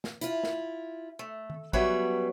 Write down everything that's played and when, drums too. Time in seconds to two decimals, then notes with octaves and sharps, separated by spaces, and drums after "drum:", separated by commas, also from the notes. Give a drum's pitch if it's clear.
0.04 drum: snare
0.21 E4 F4, drum: hi-hat
0.43 drum: snare
1.19 A3
1.50 drum: tom D#3
1.73 F#3 G3 B3 C#4 B4 E5, drum: kick A1